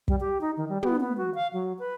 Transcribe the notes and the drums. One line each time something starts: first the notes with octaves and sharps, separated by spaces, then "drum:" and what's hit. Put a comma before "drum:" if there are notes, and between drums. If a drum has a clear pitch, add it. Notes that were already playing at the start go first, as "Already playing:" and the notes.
G3, drum: kick
G4
D#4
D#3
G3
B3, drum: tom
B3
F#4
F5
F#3
B4